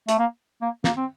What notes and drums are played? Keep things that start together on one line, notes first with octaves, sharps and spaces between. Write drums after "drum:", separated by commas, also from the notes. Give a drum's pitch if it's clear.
A3, drum: hi-hat
A#3
A#3
A#3, drum: snare
C4